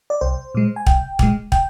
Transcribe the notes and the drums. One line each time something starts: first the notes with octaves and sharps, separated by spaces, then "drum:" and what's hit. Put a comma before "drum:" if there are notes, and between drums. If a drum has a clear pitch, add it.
D5
C2 C5
A#2 G#3
G#5
C2 G5, drum: kick
A#2 G#3, drum: kick
G5, drum: kick